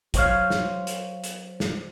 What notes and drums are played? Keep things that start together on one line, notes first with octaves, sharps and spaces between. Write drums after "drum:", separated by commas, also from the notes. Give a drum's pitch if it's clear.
F#3 C5 C#5 F5, drum: kick, hi-hat
drum: snare
drum: hi-hat
drum: hi-hat
drum: snare